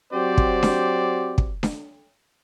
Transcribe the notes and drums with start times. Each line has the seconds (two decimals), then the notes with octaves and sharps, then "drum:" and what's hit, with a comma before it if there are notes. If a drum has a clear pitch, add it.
0.12 F#3 C4 F#4 G4 C5 D5
0.38 drum: kick
0.63 drum: snare D4
1.38 drum: kick
1.63 drum: snare D4